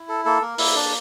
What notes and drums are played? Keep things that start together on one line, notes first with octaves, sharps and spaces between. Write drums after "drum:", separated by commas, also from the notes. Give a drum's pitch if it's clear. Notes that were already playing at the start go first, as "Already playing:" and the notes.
Already playing: E4
A4
A#3 A4
A#3 A#4
A#3 E4 E5, drum: open hi-hat
D4 D5